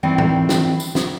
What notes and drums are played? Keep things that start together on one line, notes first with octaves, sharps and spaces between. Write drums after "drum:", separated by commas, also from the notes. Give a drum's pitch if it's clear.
D#3 E3 C4 D5
drum: tom G#2
drum: snare
drum: tambourine
drum: snare